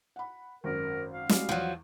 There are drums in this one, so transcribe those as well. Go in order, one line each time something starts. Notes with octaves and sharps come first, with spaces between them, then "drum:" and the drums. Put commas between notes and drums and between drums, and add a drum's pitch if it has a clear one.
F#5 B5
G#1 F#2 A#4
F5
G3 G#3 F#4, drum: snare
E2 F3 F#3